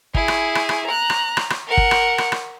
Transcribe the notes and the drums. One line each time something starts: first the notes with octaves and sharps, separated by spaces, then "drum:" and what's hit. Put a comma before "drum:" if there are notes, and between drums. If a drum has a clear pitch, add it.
E4 G#4, drum: kick
drum: rim click
drum: rim click
drum: rim click
A#5 F#6
drum: rim click
drum: rim click
drum: rim click
A#4 F#5
drum: kick
drum: rim click
drum: rim click
drum: rim click